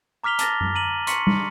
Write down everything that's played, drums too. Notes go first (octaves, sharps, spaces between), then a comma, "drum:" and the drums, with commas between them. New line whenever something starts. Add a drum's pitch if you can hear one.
A#5 D6 F6 B6 F7 G7
A5 D6 A6 A#6, drum: hi-hat
drum: tom
A#5 D#7 F#7
C6 C#6 B6 C#7 F#7, drum: hi-hat
drum: tom G3